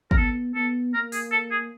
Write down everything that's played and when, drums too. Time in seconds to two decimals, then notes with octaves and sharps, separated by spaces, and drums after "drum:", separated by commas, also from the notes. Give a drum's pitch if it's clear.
0.11 A#4, drum: kick
0.17 B3 A4
0.55 B3 A4
0.94 A#3 A#4
1.12 G#4, drum: open hi-hat
1.32 A4
1.51 G#4